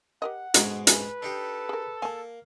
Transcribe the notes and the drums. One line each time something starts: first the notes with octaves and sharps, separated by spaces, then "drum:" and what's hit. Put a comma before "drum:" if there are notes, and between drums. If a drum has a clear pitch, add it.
G4 A#4 D#5 F#5
G#2 B2 D3 G#3 D#4 F#4, drum: hi-hat
G#4 B4 D#5 G#5, drum: hi-hat
D4 D#4 G4 A4
G#4 A#4
A#3 G#5 A5